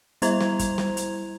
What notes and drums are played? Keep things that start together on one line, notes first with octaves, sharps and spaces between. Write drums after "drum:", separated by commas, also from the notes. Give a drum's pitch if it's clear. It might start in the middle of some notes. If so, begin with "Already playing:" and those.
G3 E4 C5 A#5 G#6 F7, drum: hi-hat
drum: snare
drum: kick, hi-hat
drum: snare
drum: hi-hat